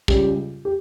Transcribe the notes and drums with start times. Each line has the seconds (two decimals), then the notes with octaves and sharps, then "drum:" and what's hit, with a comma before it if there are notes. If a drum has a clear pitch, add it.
0.08 C#2 C#3 G3 G4, drum: kick
0.65 G4